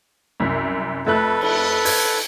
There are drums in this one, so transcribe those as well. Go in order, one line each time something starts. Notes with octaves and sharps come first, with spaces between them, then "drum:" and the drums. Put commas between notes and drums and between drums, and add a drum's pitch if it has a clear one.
C2 F#2
F2 A3 A4 B4 F#6
drum: cymbal
G#6, drum: open hi-hat